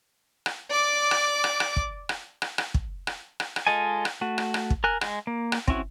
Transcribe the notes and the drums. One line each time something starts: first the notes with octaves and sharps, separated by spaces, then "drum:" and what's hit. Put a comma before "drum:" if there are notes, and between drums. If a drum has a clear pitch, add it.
drum: rim click
D5 D6
drum: rim click
drum: rim click
drum: rim click
drum: kick
drum: rim click
drum: rim click
drum: rim click
drum: kick
drum: rim click
drum: rim click
drum: rim click
G#3 F4 A4 D#5 G#5
drum: rim click
A3 F#4
drum: rim click
drum: rim click
drum: kick
A#4 G#5 F#6
G#3, drum: rim click
A#3
drum: rim click
C4 C#4 E4 F#4, drum: kick